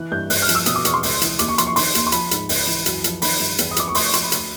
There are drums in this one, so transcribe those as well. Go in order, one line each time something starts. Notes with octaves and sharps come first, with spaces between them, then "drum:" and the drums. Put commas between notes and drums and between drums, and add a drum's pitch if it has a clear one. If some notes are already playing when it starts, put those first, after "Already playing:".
Already playing: E3 F#6
G2 G6
G2 F#6, drum: open hi-hat
F6
F3, drum: hi-hat
E6
B2 D#6, drum: hi-hat
D6
E2 C#6, drum: hi-hat
C6
C#2, drum: open hi-hat
E3, drum: hi-hat
D#2 D6, drum: hi-hat
C#6
F3 C6, drum: hi-hat
C#6
D#3 C6, drum: open hi-hat
D#2, drum: hi-hat
C6
F3 B5, drum: hi-hat
G#2, drum: hi-hat
C#2, drum: open hi-hat
E3
F#2, drum: hi-hat
F3, drum: hi-hat
D#3 B5, drum: open hi-hat
G2
E2, drum: hi-hat
D#6
F3 D6, drum: hi-hat
C#6
D2 C6, drum: open hi-hat
C#6
F3 C6, drum: hi-hat
B5
D2, drum: hi-hat